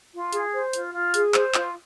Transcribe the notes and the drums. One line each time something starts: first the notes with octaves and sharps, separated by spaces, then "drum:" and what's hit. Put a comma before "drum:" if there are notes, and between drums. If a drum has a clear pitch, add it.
F4
G#4, drum: hi-hat
C5
F4, drum: hi-hat
F4
G#4, drum: hi-hat
C5, drum: clap
F4, drum: clap